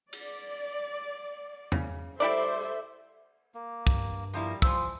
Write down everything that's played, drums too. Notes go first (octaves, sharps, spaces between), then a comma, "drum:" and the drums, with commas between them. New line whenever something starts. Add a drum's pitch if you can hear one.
D5, drum: cymbal
C#3, drum: tom E2
G3 E4 A4 C5 D5 E5
A#3
G2, drum: kick
F3 G3 A#3 E4
F3 C5 G#5 E6, drum: kick